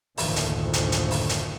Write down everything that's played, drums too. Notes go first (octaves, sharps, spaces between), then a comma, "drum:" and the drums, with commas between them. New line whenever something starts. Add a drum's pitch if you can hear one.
F#1 D2 A2 D3 D#3 F3, drum: open hi-hat
drum: hi-hat
drum: hi-hat
drum: hi-hat
drum: open hi-hat
drum: hi-hat